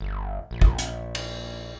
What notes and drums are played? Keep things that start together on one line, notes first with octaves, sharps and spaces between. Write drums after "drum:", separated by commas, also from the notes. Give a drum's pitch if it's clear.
G1
A#1
drum: kick
drum: hi-hat
drum: cymbal